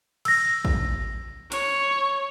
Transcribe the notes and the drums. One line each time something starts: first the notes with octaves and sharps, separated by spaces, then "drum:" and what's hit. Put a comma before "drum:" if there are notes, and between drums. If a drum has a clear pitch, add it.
E6 A#6, drum: cymbal
drum: kick
C#5, drum: hi-hat